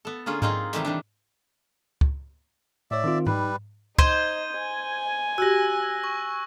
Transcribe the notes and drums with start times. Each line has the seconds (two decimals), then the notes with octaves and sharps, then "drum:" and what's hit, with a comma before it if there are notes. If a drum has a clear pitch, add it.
0.05 B3 A4
0.26 D3 A#3 C#4 F4 G#4
0.42 A#3 C4 D#4 F4 G#4, drum: tom G#2
0.73 C3 D#3 E3 G3 A3 G4, drum: hi-hat
0.85 D#3 E3 D4
2.01 drum: kick
2.91 A2 C#5 D5 E5
3.04 D#3 C4 F4
3.27 G3 D#4 B4, drum: tom G#2
3.99 D#4 C5 G#6 D#7 G7, drum: kick
4.58 G#5
5.38 F#4 G4 E6 F#6 A#6
6.04 C#6